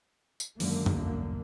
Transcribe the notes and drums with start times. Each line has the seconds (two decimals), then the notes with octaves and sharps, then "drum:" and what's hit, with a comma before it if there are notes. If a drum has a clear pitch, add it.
0.40 drum: tambourine
0.60 F#2 D3 D#3 F#3 G#3 A#3, drum: open hi-hat
0.86 drum: tom
0.95 B1 E2 G2